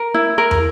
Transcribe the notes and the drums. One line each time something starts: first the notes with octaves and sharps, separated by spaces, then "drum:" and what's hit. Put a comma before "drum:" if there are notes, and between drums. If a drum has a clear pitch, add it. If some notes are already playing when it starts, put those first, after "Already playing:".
Already playing: A#4
E4
A#4
drum: tom